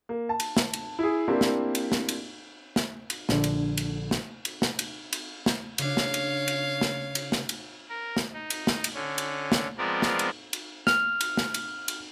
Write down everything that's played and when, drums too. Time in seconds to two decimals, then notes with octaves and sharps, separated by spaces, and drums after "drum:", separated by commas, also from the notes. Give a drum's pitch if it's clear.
0.09 A#3
0.29 A5
0.40 drum: cymbal
0.57 drum: snare
0.73 drum: cymbal
0.99 E4 G#4
1.28 A#3 C4 D4 E4 G4
1.41 drum: snare
1.75 drum: cymbal
1.92 drum: snare
2.09 drum: cymbal
2.76 drum: snare
3.10 drum: cymbal
3.29 A#1 D3, drum: snare
3.44 drum: cymbal
3.77 drum: cymbal
4.11 drum: snare
4.45 drum: cymbal
4.62 drum: snare
4.79 drum: cymbal
5.13 drum: cymbal
5.46 drum: snare
5.78 C#3 D4 C#5 F5, drum: cymbal
5.97 drum: snare
6.14 drum: cymbal
6.48 drum: cymbal
6.81 drum: snare
7.15 drum: cymbal
7.32 drum: snare
7.49 drum: cymbal
7.89 A#4
8.17 drum: snare
8.33 D#4
8.50 drum: cymbal
8.67 drum: snare
8.84 drum: cymbal
8.94 D3 C#4
9.18 drum: cymbal
9.52 drum: snare
9.78 F3 G#3 B3 C4 A#4 D5
10.02 drum: snare
10.19 drum: cymbal
10.53 drum: cymbal
10.87 F6, drum: snare
11.21 drum: cymbal
11.37 drum: snare
11.54 drum: cymbal
11.88 drum: cymbal